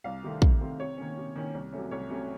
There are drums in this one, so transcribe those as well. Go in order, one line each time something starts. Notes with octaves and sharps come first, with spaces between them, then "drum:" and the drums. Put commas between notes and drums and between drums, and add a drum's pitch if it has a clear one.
C2 F5
C3 D#3 A3 C4
C2, drum: kick
C3 D#3 A3 C4
C3 C#5
D#3 A#3 C#4
C3
D#3 A#3 C#4
C2
C3 F#3 A3 C#4
C2 C#5
C3 F#3 A3 C#4